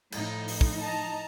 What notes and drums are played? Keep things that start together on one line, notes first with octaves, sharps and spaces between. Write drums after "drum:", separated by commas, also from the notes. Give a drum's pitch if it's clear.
A2 F3 D#4, drum: cymbal
drum: open hi-hat
drum: kick
D#5 A5 A#5